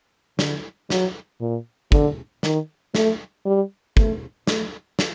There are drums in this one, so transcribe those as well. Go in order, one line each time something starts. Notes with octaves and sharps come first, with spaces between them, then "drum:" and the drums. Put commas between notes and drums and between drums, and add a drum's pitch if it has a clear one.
D3, drum: snare
F#3, drum: snare
A#2
D3, drum: kick
D#3, drum: snare
A3, drum: snare
G3
A3, drum: kick
A3, drum: snare
drum: snare